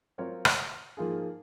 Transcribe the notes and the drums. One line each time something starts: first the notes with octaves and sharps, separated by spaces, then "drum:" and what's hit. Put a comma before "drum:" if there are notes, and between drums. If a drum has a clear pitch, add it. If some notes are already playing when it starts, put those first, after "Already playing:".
F#3 C4 F4 A#4 C#5
drum: rim click
G#2 F3 A#3 F4 G#4